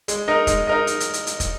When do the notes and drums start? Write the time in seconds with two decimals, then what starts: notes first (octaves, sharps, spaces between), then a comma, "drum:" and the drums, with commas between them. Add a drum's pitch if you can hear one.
0.08 G#3, drum: hi-hat
0.28 D#4 A#4 D#5
0.47 G#3, drum: kick, hi-hat
0.67 D#4 A#4 D#5
0.87 drum: hi-hat
1.00 drum: hi-hat
1.13 drum: hi-hat
1.27 drum: hi-hat
1.40 drum: kick, hi-hat